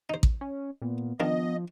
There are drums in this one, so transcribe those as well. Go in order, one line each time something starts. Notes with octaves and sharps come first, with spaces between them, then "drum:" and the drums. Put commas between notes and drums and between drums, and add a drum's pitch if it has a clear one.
D#4 C5
drum: kick A1
C#4
A#2 B3
D#3 F3 B3 D4 F4 D#5